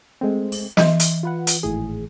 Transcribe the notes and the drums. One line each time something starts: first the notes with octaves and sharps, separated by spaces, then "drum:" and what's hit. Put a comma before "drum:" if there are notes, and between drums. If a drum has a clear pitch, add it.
G#3 A3 C4
drum: open hi-hat
E3 D#5 C6, drum: snare
drum: hi-hat
F4 B4 F#5
drum: hi-hat
G#1 A2 G#4